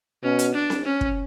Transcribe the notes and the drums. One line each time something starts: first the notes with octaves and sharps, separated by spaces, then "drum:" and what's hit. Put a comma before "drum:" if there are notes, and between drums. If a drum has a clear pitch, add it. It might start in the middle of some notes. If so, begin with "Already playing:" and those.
B2 C#4
drum: hi-hat
D4
drum: snare C4
C#4
drum: kick